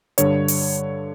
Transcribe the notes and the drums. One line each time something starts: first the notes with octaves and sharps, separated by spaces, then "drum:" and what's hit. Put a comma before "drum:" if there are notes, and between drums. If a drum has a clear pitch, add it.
G2 D3 C#5, drum: hi-hat
drum: open hi-hat